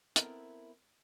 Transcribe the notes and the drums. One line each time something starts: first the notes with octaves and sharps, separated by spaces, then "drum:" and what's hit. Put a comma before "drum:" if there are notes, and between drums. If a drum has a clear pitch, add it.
B3 C4 E4 A4 A#4, drum: hi-hat